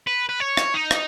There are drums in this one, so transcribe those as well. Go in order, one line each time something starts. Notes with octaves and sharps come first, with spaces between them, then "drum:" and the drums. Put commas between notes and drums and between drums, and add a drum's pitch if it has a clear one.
B4
B4
C#5
drum: rim click
D#4
drum: rim click